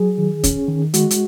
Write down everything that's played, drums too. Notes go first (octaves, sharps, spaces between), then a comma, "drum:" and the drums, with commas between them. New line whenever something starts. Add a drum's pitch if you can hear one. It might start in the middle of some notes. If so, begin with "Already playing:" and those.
Already playing: F#3 G#4
D#3
C#4, drum: kick, hi-hat
D#3
G#3 F#4, drum: hi-hat
drum: hi-hat